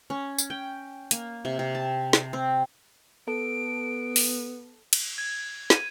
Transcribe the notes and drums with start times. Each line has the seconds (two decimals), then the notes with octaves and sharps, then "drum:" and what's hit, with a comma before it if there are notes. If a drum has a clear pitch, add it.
0.10 C#4
0.38 drum: tambourine
0.50 G5
1.11 A#3, drum: hi-hat
1.45 C3
1.59 C3
1.75 A5
2.13 drum: snare
2.33 C4
3.28 B3 A4 D7
4.16 drum: open hi-hat
4.93 drum: cymbal
5.18 G#6
5.70 D#7, drum: snare